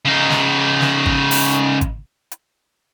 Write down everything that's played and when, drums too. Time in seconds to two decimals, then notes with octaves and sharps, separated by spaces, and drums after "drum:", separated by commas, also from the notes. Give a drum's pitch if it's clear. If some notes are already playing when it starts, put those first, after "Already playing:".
0.05 C#3 D#4
0.30 drum: snare
0.81 drum: snare
1.06 drum: kick G#1
1.31 drum: open hi-hat
1.81 drum: kick G#1, hi-hat
2.31 drum: hi-hat